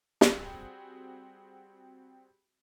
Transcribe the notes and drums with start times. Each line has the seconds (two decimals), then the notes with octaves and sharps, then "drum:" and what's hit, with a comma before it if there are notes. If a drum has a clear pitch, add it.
0.21 G3 C4 F#4 G#4, drum: snare